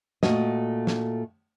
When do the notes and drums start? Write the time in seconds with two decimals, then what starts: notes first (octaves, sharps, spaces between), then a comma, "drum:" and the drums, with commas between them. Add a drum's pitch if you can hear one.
0.23 A#2 A3 F#4 D#5, drum: snare
0.87 drum: snare